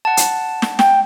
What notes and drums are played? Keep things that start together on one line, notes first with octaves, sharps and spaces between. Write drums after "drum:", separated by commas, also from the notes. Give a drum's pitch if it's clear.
F#5 A5
drum: hi-hat
drum: snare
G5, drum: snare